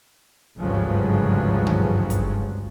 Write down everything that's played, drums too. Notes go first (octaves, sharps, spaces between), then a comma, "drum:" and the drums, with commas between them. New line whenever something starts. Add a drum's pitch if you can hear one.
G#1 D2 G2 C#3 F3 F#3
drum: tom
drum: kick, hi-hat